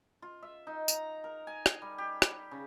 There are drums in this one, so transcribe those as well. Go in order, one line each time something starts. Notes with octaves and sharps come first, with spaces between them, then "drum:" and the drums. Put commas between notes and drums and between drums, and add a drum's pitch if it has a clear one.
F4
E5
D#4
A#5, drum: tambourine
A#4
G#5
drum: rim click
G3
G4
drum: rim click
C#3